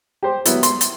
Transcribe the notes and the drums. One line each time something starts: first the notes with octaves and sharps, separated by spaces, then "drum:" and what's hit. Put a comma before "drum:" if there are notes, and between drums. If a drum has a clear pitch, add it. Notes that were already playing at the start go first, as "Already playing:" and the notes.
G4 C5
F#3 B3 E4, drum: hi-hat
C6, drum: hi-hat
drum: hi-hat